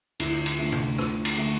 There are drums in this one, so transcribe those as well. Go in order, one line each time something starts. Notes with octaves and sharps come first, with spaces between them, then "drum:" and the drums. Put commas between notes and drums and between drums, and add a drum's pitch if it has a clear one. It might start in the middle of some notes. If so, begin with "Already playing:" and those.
D2 E4, drum: cymbal
drum: cymbal
D3 A3
drum: tom C3
D2, drum: rim click
drum: cymbal
D3 A3